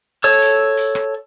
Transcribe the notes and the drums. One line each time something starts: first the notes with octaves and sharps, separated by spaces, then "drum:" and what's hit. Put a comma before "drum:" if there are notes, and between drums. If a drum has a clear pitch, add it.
A4 C#5 E6
drum: hi-hat
drum: hi-hat
drum: rim click